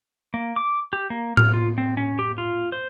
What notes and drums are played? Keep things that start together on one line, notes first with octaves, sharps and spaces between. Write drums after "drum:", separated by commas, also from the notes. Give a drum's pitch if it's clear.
A#3
D6
G4
A#3
F6, drum: tom A2
F4
C4
C#4
G4
F4
C5